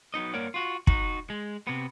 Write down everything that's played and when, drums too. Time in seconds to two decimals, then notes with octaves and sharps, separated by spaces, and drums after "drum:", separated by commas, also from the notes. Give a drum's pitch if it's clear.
0.14 F#3 B3 D#4 D#5
0.34 G2 A#3 A#4 C#5 D5 F#5
0.54 F4 F#4
0.87 D#4 F#4, drum: kick
1.30 G#3
1.67 C3 B3